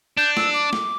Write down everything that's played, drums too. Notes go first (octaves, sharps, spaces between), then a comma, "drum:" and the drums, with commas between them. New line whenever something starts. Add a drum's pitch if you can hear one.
D4 G6
E6, drum: snare
D6
drum: snare